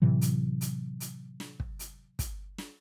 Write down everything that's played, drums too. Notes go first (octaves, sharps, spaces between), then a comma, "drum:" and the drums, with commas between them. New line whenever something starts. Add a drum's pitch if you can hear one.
A2 C3 E3 F#3
drum: hi-hat
drum: hi-hat
drum: hi-hat
drum: snare
drum: kick
drum: hi-hat
drum: kick, hi-hat
drum: snare